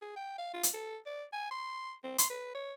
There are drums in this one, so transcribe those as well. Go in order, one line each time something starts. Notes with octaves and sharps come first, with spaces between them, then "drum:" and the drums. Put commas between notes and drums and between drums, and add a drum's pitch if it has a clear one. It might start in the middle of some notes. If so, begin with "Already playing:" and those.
G#4
G5
F5
F4
drum: hi-hat
A4
D5
G#5
C6
C4
C6, drum: hi-hat
B4
C#5